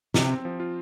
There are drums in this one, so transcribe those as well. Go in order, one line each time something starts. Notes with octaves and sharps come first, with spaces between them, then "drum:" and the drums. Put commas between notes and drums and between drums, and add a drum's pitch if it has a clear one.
C3 C4, drum: snare
C4
F3
F4